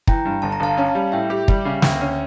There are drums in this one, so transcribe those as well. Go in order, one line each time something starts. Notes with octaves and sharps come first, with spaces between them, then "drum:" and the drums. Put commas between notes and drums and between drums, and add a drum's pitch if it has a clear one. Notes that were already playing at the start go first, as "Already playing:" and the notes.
E3 G5 A#5, drum: kick
G2
G1 A5
A#5
G1 F5 A5
C#4
G3
A2 E5 G5
G4
G3, drum: kick
C#3
D2 E5 G5, drum: snare
C#4